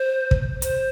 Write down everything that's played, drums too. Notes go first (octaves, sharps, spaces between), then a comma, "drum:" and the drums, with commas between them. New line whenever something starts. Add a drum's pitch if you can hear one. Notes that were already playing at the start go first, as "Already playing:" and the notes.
Already playing: C5
drum: kick
C5, drum: hi-hat